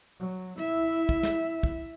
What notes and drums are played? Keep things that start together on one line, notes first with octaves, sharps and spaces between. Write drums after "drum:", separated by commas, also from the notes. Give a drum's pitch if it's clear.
F#3
E4 E5
drum: kick
drum: snare
drum: kick